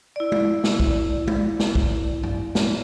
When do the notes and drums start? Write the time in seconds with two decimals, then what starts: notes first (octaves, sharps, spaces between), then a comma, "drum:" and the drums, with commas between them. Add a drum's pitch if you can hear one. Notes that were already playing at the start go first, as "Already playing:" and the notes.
0.16 E4 D5
0.32 drum: tom G#3
0.64 drum: snare
0.80 drum: kick
1.28 drum: tom G#3
1.59 drum: snare
1.75 drum: kick
2.23 drum: tom G2
2.55 drum: snare